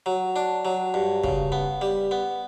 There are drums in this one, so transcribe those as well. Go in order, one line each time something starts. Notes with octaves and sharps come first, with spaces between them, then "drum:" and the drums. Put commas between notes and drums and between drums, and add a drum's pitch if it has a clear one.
F#3
D4
F#3
G2
C#3, drum: kick
B3
G3
B3